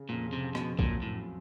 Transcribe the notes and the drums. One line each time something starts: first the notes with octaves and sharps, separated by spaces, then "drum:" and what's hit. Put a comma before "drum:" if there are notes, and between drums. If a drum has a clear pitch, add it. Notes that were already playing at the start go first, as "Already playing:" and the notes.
Already playing: C#3
F2 A#2
C#3
C3
F3
B2, drum: rim click
F2
F#2 A#2, drum: kick A#1
F#2
A2
F#2